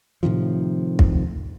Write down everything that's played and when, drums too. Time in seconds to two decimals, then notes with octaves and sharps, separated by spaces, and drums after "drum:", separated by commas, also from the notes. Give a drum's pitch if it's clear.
0.23 A2 C3 D#3 F3
0.99 drum: kick